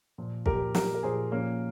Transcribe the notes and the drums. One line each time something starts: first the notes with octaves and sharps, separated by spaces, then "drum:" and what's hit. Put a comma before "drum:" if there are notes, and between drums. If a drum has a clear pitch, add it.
A#2 F3
A#2 F3 G4 A#4, drum: kick
A#2 F3 G4 A#4, drum: snare
A#4
A#2 F3 G#4 C5
A#2 F3 A#3 C#4